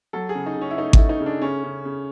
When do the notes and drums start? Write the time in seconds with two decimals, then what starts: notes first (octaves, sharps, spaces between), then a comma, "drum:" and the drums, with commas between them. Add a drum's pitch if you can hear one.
0.13 F#3 A4
0.29 G#4
0.35 C#3
0.46 D#4
0.56 C#3
0.61 C#4
0.71 E4
0.78 A3 D#4
0.93 E4, drum: kick G#1
0.99 A3
1.09 D#4
1.20 C#3
1.26 D4
1.42 C#3 C#4
1.64 C#3
1.85 C#3